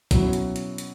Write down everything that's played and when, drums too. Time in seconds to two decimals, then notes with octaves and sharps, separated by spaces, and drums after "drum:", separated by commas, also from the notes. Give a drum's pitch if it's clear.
0.11 B2 F#3 C#4 E4, drum: kick, hi-hat
0.33 drum: hi-hat
0.56 drum: hi-hat
0.78 drum: hi-hat